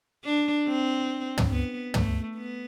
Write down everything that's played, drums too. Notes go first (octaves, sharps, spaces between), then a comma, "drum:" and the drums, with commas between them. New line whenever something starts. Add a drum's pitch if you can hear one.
D4
C4
drum: tom
B3
A3, drum: tom
B3